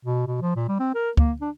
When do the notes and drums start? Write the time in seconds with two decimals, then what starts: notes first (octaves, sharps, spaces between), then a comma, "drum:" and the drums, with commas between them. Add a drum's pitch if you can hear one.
0.05 B2
0.27 B2
0.42 F3
0.56 A#2
0.69 G3
0.80 C4
0.95 A#4
1.17 A#3, drum: kick D2
1.41 D4